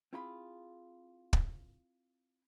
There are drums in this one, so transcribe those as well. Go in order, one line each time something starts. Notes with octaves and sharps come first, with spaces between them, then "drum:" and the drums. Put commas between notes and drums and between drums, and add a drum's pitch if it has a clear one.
C4 E4 F4 G#4 B5
drum: kick